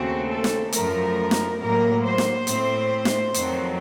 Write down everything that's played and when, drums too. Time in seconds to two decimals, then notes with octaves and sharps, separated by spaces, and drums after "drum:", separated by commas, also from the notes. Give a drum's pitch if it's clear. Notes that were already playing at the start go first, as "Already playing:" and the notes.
Already playing: D#2 C#3 A3 C4 F#4
0.30 A4
0.44 drum: snare
0.72 F#2 F3 A3 A#4, drum: hi-hat
1.31 drum: snare
1.60 A2 F#3 A#3 A#4
2.04 C5
2.18 drum: snare
2.47 A2 A3 C4, drum: hi-hat
3.05 drum: snare
3.34 F2 D#3 F#3 C4, drum: hi-hat